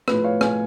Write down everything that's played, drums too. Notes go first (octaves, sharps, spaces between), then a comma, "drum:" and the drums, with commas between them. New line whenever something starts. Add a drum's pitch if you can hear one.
A2 F3 A3 B4, drum: rim click
C#5 F5
F5 G#5, drum: rim click